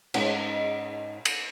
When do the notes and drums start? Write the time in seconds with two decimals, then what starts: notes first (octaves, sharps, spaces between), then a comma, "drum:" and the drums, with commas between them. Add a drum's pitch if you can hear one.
0.14 G#2 C#4 D#4 D#5 F#5, drum: cymbal
1.25 drum: cymbal